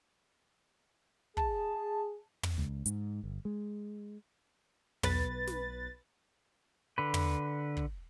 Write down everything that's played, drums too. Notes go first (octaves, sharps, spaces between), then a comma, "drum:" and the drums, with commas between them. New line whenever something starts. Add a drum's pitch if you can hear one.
G#4 A5, drum: kick
drum: tom
C#2
G#2, drum: hi-hat
G1
G#3
B1 B4 A6, drum: tom
drum: snare
D3 B4
drum: tom
drum: kick